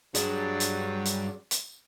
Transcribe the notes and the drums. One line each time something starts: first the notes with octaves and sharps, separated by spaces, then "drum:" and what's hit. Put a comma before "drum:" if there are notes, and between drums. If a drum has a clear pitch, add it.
G2 F#3 D4 G#4 D5, drum: hi-hat
drum: hi-hat
drum: hi-hat
drum: hi-hat